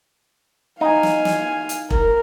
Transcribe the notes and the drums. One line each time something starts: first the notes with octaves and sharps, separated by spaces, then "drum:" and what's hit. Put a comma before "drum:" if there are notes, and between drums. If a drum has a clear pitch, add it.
D#4 F5 G#5
drum: snare
drum: snare
drum: hi-hat
A#4, drum: kick E1